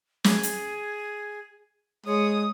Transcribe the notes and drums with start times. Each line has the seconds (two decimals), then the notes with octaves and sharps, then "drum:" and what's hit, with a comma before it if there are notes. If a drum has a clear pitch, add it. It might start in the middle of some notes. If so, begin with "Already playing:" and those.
0.24 G#4, drum: snare
0.43 drum: hi-hat
2.06 G#3 C#5 D#6